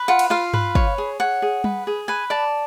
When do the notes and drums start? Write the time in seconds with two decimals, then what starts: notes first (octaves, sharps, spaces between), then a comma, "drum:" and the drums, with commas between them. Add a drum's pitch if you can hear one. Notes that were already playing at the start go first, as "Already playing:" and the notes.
Already playing: B4
0.08 F4 F#5
0.19 drum: cymbal
0.30 F4 F5
0.54 B4, drum: tom G2
0.75 C#5, drum: kick
0.98 G#4
1.20 C#5 F#5
1.42 G#4
1.64 B4, drum: tom G3
1.87 G#4
2.08 B4 G#5
2.30 D5 A5